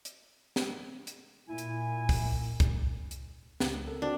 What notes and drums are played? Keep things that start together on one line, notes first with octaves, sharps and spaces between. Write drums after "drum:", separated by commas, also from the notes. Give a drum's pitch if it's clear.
drum: hi-hat
drum: snare
drum: hi-hat
A#2 E4 G#5
drum: hi-hat
drum: kick, open hi-hat
drum: kick, hi-hat
drum: hi-hat
C#2, drum: snare
A4 A#4
C4 D4 F#4